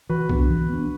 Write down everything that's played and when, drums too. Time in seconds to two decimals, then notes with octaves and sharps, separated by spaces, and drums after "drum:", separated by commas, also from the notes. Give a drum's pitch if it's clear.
0.09 E3 F#4 B4
0.29 B3 D4, drum: kick C2
0.50 E3
0.69 B3 D4